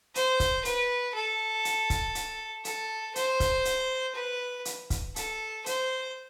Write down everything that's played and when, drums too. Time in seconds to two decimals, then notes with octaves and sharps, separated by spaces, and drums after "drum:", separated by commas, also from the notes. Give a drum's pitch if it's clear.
0.15 C5, drum: hi-hat
0.40 drum: kick, hi-hat
0.65 B4, drum: hi-hat
1.15 A4
1.65 drum: hi-hat
1.90 drum: kick, hi-hat
2.15 drum: hi-hat
2.65 A4, drum: hi-hat
3.16 C5, drum: hi-hat
3.40 drum: kick, hi-hat
3.65 drum: hi-hat
4.15 B4
4.65 drum: hi-hat
4.90 drum: kick, hi-hat
5.16 A4, drum: hi-hat
5.66 C5, drum: hi-hat